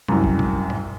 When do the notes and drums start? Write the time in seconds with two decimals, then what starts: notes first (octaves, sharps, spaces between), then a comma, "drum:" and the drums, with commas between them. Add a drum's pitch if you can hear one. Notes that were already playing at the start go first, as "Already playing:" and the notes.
0.08 C2 F#2, drum: tom
0.24 drum: kick
0.39 drum: tom
0.70 drum: tom